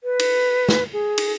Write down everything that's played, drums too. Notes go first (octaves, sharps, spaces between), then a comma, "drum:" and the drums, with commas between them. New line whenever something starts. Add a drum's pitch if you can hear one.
B4
drum: cymbal
drum: snare
G#4
drum: cymbal